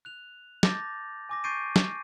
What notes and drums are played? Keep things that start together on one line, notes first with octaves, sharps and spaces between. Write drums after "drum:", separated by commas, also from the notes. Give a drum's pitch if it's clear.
F#6 F7
A5 D6 G6 A6 A#6, drum: snare
G#5 D6 A#6
C#6 G6 A6 C7 D7 D#7
drum: snare